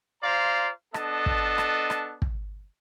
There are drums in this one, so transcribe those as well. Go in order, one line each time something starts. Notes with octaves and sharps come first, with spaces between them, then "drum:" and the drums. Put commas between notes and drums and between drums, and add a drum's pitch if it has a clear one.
F4 C5 D5 F5 A#5
B3 D4 A4 D#5 A5, drum: rim click
drum: kick
drum: rim click
drum: rim click
drum: kick